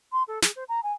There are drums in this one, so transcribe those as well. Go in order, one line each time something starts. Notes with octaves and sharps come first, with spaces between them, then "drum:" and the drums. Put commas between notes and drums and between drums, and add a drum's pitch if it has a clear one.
C6
A4
G#4, drum: snare
C5
A#5
G#5